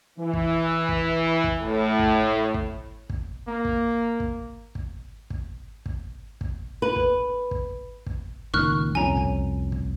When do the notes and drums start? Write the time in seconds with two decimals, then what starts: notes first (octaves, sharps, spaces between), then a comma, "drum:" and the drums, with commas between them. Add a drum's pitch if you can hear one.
0.18 E3
0.33 drum: kick
0.89 drum: kick
1.44 drum: kick
1.62 A2
1.99 drum: kick
2.54 drum: kick
3.10 drum: kick
3.48 A#3
3.65 drum: kick
4.20 drum: kick
4.75 drum: kick
5.30 drum: kick
5.86 drum: kick
6.41 drum: kick
6.82 B4
6.96 drum: kick
7.51 drum: kick
8.06 drum: kick
8.54 C#2 A#2 D#3 C#6 F6 F#6
8.95 C2 F2 C#4 G#5 A#5
9.17 drum: kick
9.72 drum: kick